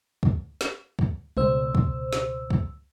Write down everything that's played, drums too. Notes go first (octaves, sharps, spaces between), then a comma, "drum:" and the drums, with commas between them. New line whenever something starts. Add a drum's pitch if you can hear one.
drum: kick
drum: snare
drum: kick
C#2 B2 C5 E6, drum: tom
drum: kick
drum: snare
drum: kick